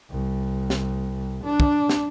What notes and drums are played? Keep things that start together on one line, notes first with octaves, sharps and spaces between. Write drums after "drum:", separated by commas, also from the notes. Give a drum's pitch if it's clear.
C2
drum: snare
D4
drum: kick
drum: snare